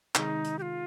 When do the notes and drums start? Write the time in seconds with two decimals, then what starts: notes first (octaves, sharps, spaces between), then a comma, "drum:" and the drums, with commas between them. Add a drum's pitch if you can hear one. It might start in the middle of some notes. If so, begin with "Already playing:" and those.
0.15 C3 D#3 G#3 D#4, drum: clap
0.44 drum: hi-hat
0.59 G4
0.62 F4